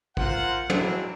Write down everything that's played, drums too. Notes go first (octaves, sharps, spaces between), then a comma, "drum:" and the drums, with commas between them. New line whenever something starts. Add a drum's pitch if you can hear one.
F4 A#4 C5 F#5, drum: kick
F#3 G#3 A#3 C4 D4 E4, drum: tom